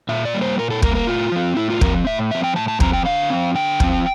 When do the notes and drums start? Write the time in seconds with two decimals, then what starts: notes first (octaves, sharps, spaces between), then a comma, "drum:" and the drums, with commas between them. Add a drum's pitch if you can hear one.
0.09 A#2 E5
0.25 D5
0.34 G3 A#3
0.42 C5
0.58 A#2 A#4
0.70 A4
0.82 G3 A#3 A#4, drum: kick
0.95 A#4
1.07 A2 F4
1.32 F3 C4
1.56 A2 E4
1.70 F4
1.81 F3 C4 A#4, drum: kick
2.07 A2 E5
2.31 F3 C4 E5
2.44 G5
2.56 A2 A5
2.68 A5
2.80 F3 C4 A#5, drum: kick
2.93 G5
3.05 D3 F5
3.30 F3 C4
3.55 D3 G5
3.80 F3 C4, drum: kick